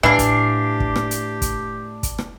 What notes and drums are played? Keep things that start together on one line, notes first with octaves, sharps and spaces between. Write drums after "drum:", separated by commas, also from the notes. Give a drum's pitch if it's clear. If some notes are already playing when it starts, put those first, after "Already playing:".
A2 E3 D4 G4 F5
drum: kick, hi-hat
drum: kick
drum: rim click
drum: hi-hat
drum: kick, hi-hat
drum: kick, hi-hat
drum: rim click